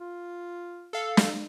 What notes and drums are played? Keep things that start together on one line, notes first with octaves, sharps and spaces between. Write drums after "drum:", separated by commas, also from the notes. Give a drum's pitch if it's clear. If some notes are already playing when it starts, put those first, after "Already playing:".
F4
A4 F5
drum: snare